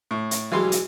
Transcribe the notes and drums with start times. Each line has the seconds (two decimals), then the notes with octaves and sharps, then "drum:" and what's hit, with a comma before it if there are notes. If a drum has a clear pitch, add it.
0.11 A2
0.31 drum: hi-hat
0.52 B1 E3 G3 G#3 F5 C6
0.72 drum: hi-hat